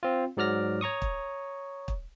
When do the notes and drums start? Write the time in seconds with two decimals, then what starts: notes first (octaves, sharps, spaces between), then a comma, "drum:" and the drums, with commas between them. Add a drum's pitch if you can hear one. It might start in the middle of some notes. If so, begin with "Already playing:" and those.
0.03 C4 F4
0.37 G#2 F#3 D5 F6 A#6
0.81 C#5 A#5 C#6 D#6
1.02 drum: kick
1.88 drum: kick